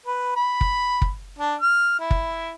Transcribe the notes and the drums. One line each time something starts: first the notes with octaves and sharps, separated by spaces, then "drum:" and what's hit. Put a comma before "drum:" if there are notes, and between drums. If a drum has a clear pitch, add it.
B4
B5
drum: kick
drum: kick
D4
F6
E4
drum: kick